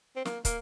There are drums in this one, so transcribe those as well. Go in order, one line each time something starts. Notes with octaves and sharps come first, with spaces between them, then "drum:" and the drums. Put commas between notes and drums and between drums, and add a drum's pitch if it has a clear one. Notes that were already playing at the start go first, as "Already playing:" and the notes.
C4
A#3, drum: snare
A#3, drum: kick, hi-hat